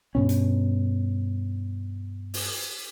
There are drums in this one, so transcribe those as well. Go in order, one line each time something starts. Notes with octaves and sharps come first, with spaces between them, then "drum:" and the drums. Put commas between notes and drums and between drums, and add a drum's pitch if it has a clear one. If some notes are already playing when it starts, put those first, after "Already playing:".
G2 B2 C#4
drum: hi-hat
drum: open hi-hat